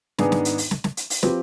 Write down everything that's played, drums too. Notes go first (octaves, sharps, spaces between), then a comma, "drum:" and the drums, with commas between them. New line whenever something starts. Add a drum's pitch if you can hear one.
G#2 D#3 B3 D4 G#4, drum: snare
drum: snare
drum: hi-hat
drum: open hi-hat
drum: snare
drum: snare
drum: hi-hat
drum: open hi-hat
F3 C4 G4 B4, drum: snare